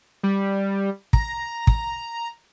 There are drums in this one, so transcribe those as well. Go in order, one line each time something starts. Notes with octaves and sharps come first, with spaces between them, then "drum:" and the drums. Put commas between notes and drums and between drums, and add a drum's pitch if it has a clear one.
G3
A#5, drum: kick
drum: kick